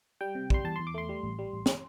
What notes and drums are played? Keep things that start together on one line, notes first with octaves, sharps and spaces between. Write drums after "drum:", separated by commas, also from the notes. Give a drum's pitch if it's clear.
G3 G5
C3
G3 C6, drum: kick
E2 A5
E2 C6
D6
A3 C6
G3
A1
G3
A1
drum: snare